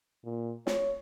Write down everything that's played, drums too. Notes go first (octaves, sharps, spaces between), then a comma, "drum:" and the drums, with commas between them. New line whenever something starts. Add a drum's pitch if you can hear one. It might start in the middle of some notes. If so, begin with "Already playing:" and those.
A#2
C#5, drum: snare